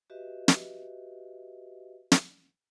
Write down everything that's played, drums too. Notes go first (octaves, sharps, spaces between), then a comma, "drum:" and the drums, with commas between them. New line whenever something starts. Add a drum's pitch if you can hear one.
F#4 G4 B4 D#5 E5
drum: snare
drum: snare